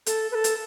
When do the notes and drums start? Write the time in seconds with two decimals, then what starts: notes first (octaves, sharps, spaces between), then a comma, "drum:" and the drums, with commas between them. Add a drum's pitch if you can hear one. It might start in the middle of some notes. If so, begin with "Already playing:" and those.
0.06 A4, drum: hi-hat
0.31 B4
0.35 A4
0.44 drum: hi-hat